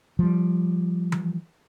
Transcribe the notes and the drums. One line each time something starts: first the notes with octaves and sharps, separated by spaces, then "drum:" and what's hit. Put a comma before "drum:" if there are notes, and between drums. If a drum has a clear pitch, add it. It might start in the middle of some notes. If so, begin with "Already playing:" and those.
F3 G3
drum: tom E3